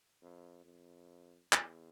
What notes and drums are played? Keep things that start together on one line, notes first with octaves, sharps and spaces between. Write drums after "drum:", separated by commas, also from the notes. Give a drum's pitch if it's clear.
F2
F2
E2, drum: clap